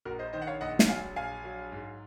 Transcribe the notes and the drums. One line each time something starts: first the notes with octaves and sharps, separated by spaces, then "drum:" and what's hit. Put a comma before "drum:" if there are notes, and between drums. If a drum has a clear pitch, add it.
A#1 F#4 A#4
C5 D#5
D#3 C5 D#5
F#5
C#5 F5
A#1 D#5 F#5
drum: snare
F#3 F5 G#5
A#1 F5 G#5
F#3
G#2